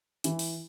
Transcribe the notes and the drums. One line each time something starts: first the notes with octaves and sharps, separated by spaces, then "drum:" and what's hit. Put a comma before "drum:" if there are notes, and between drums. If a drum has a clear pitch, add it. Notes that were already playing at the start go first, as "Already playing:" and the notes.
E3, drum: hi-hat
drum: open hi-hat